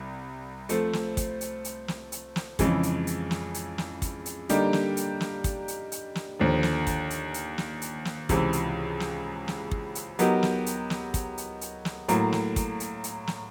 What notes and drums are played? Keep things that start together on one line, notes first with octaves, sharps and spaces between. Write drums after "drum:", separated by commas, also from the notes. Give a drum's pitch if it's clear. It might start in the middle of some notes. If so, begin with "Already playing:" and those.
Already playing: C2
F3 A3 C4, drum: hi-hat
drum: snare
drum: kick, hi-hat
drum: hi-hat
drum: hi-hat
drum: snare
drum: hi-hat
drum: snare
F2 C#3 E3 G#3, drum: kick, hi-hat
drum: hi-hat
drum: hi-hat
drum: snare
drum: hi-hat
drum: snare
drum: kick, hi-hat
drum: hi-hat
D3 G3 A#3 D#4 G4, drum: hi-hat
drum: snare
drum: hi-hat
drum: snare
drum: kick, hi-hat
drum: hi-hat
drum: hi-hat
drum: snare
D#2 D3 F3
drum: snare
drum: kick, hi-hat
drum: hi-hat
drum: hi-hat
drum: snare
drum: hi-hat
drum: snare
C#2 C3 E3, drum: kick, hi-hat
drum: hi-hat
drum: snare
drum: snare
drum: kick
drum: hi-hat
F#3 B3 D#4 G4 A#4, drum: hi-hat
drum: snare
drum: hi-hat
drum: snare
drum: kick, hi-hat
drum: hi-hat
drum: hi-hat
drum: snare
A2 F#3 A#3, drum: hi-hat
drum: snare
drum: kick, hi-hat
drum: hi-hat
drum: hi-hat
drum: snare